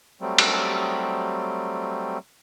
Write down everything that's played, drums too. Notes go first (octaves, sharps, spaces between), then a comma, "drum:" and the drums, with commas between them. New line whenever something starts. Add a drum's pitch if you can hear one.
F#3 G3 A3 C4
drum: cymbal